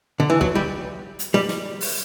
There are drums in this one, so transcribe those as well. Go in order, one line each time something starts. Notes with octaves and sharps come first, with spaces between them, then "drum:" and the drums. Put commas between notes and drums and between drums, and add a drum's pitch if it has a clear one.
D3
E3
F#3, drum: kick
G3
drum: hi-hat
G3
drum: snare
drum: open hi-hat